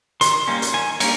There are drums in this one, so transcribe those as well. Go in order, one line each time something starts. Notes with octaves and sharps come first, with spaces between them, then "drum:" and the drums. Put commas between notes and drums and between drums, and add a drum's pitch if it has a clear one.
D#3 C6, drum: hi-hat
G3 A#3 C#4
drum: hi-hat
D#3 G#5
G3 A#3 C#4, drum: cymbal